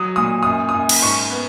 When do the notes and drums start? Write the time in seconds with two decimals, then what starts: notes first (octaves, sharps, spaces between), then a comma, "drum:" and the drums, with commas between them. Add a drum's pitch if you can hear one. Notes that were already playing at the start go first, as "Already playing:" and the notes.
Already playing: F#3 D#6
0.16 A#2 D#6
0.43 F#2 D#6
0.69 D#6
0.74 F#2
0.89 drum: cymbal
1.02 G#2 C#6
1.30 B3